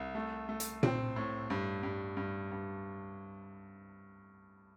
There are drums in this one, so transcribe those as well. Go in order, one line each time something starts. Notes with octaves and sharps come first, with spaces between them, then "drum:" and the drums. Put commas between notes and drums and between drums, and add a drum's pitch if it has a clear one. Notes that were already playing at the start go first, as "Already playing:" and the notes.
Already playing: C2
A3
A3
drum: hi-hat
C4, drum: tom A#2
A2
G2
G2
G2
G2